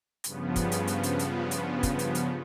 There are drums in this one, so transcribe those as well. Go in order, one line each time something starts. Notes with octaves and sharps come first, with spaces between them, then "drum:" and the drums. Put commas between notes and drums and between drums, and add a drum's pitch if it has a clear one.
G2 C#3 F3 B3, drum: hi-hat
drum: kick, hi-hat
drum: hi-hat
drum: hi-hat
drum: hi-hat
drum: hi-hat
drum: hi-hat
drum: kick, hi-hat
drum: hi-hat
drum: hi-hat